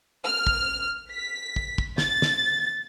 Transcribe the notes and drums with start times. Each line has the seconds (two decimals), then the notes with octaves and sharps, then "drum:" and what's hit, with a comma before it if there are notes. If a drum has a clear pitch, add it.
0.25 F6
0.47 drum: kick
1.11 B6
1.56 drum: kick
1.78 drum: kick
1.98 A6, drum: snare
2.22 drum: snare